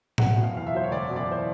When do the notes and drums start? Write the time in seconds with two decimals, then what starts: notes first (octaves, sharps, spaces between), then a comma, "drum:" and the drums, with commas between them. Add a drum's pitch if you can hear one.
0.18 F#1 F#5, drum: tom A2
0.36 B2
0.43 F5
0.54 E2 F5
0.67 E5
0.74 F#3 C5
0.83 C#5
0.91 F#1 D5
1.10 B2
1.16 D5
1.28 E2 C5